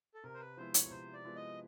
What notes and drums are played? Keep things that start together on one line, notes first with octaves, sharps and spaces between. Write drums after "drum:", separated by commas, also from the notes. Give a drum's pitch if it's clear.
A4
C3 A#4
C5
B4
F3 G#3 B3 E4 C5
C#5, drum: hi-hat
C3 C5
D5
F3 G#3 B3 E4
D#5